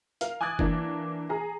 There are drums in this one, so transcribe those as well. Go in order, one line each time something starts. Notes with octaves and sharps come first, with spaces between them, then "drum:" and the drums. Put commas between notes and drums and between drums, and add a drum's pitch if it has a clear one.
A#4 F5, drum: hi-hat
G#5 D6 D#6 F#6 G#6 A6
E3 A#3 D4, drum: kick F#1
G#4 A#5